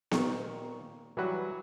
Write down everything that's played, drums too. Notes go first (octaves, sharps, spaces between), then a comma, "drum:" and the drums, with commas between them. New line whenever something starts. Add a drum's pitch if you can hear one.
A#2 D#3 C#6, drum: snare B3
E3 F#3 G3 F#4 B4